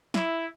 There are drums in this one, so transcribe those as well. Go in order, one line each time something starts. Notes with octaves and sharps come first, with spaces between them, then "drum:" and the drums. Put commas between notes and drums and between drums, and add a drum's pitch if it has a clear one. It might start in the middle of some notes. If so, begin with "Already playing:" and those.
E4, drum: snare